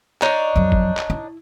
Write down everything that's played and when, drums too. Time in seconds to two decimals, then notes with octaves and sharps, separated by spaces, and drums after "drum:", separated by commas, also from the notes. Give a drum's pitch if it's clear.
0.22 D4 D#4 C#5, drum: clap
0.56 F2 F#3
0.72 drum: kick
0.97 drum: clap
1.10 E4